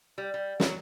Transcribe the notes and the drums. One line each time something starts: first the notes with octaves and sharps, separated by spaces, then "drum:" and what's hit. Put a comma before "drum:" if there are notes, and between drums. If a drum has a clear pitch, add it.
G3
G3
F#3, drum: snare